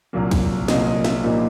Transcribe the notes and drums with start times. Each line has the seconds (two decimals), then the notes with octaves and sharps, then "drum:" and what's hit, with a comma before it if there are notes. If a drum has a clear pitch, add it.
0.13 C2 A#2 F#3 A#3
0.31 drum: kick, cymbal
0.68 C2 A#2 F#3 A#3 D#5, drum: snare
0.86 D#5
1.04 E5, drum: snare
1.24 A#1 A#2 G3 A#3 D#4